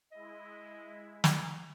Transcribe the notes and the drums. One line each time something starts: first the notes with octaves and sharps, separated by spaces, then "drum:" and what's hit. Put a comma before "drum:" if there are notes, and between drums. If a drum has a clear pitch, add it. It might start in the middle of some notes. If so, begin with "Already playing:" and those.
G#3 E4 D#5
drum: snare